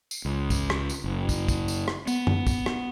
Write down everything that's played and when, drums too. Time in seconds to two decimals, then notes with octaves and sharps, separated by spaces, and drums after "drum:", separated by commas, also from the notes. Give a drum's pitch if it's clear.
0.11 drum: tambourine
0.25 C#2
0.50 drum: kick, tambourine
0.70 drum: rim click
0.90 drum: tambourine
1.04 F#1
1.29 drum: kick, tambourine
1.48 drum: kick, tambourine
1.68 drum: tambourine
1.88 drum: rim click
2.07 B3, drum: tambourine
2.27 drum: tom
2.47 drum: kick, tambourine
2.66 drum: rim click